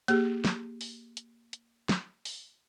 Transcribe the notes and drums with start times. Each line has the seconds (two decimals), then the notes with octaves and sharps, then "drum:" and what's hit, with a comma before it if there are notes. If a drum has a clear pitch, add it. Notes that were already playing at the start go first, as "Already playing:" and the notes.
0.08 A#3 G4 G#4, drum: hi-hat
0.45 drum: snare
0.81 drum: open hi-hat
1.17 drum: hi-hat
1.53 drum: hi-hat
1.89 drum: snare
2.25 drum: open hi-hat